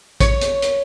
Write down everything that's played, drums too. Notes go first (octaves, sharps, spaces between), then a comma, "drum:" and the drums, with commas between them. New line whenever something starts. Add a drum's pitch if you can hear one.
C#5, drum: kick, hi-hat
drum: hi-hat
drum: hi-hat